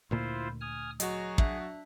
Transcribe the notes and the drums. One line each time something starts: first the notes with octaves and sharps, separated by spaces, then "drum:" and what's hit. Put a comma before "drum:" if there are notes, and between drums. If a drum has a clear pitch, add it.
D2 A#2 A#3 E4 F4 C5
G#5 D#6 F6
F#3 F#4 G#4 D#5 A#5, drum: hi-hat
D4 E5 F#6, drum: kick